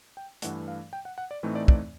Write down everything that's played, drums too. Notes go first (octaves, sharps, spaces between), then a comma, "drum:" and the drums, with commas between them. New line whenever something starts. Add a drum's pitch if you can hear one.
G5
G2 E3 A3 F#5, drum: hi-hat
F5
G5
F#5
F#5
D5
A2 E3 A3 C4 D#4
D5
D5, drum: kick